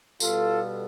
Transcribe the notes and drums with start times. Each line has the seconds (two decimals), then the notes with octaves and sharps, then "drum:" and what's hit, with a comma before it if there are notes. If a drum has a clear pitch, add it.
0.20 B2 G3 B3 F4 A4, drum: tambourine